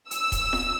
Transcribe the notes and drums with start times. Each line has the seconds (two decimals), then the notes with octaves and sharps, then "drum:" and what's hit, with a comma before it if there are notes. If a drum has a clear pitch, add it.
0.11 E6, drum: hi-hat
0.32 drum: kick D#1, hi-hat
0.53 drum: snare